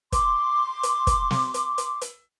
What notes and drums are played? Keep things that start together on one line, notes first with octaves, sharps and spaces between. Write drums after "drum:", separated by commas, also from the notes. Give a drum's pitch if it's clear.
C6 D6, drum: kick, hi-hat
drum: hi-hat
drum: kick, hi-hat
drum: snare
drum: hi-hat
drum: hi-hat
drum: hi-hat